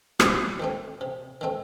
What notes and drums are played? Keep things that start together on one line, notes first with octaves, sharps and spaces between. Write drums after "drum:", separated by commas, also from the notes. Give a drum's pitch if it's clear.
C3, drum: rim click
D#3 A3 C4
C3
D#3 A3 C4